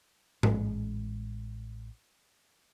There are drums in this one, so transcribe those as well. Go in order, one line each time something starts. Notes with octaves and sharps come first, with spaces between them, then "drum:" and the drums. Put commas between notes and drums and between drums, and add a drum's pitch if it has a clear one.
A1 G#3, drum: tom G#2